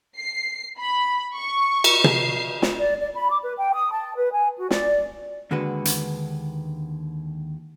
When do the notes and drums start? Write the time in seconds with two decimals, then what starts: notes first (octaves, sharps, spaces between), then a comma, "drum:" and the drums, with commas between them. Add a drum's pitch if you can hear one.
0.17 C7
0.78 B5
1.36 C#6
1.84 drum: cymbal
2.04 C7, drum: tom
2.62 drum: snare
2.79 D5
3.00 D5
3.15 B5
3.30 D6
3.42 B4
3.57 G5
3.74 D#6
3.91 A5
4.16 B4
4.33 G#5
4.58 F#4
4.71 D5, drum: snare
5.51 D#2 D3 G#3 F#4 B4
5.85 drum: hi-hat